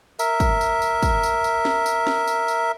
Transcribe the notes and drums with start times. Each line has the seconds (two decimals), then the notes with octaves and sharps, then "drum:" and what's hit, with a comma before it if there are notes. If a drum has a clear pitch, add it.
0.19 A#4 E5, drum: tambourine
0.40 drum: kick, tambourine
0.61 drum: tambourine
0.82 drum: tambourine
1.03 drum: kick, tambourine
1.23 drum: tambourine
1.44 drum: tambourine
1.65 drum: snare
1.86 drum: tambourine
2.07 drum: snare
2.27 drum: tambourine
2.48 drum: tambourine